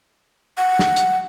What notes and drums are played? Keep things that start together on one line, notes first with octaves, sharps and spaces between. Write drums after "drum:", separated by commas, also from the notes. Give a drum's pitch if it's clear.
F#5
drum: snare
drum: hi-hat